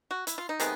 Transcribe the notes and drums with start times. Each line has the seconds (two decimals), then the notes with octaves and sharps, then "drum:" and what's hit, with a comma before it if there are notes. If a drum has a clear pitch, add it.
0.11 F#4
0.27 E4, drum: hi-hat
0.38 F4
0.49 D#4
0.60 C3 D#3 G#3 B3, drum: hi-hat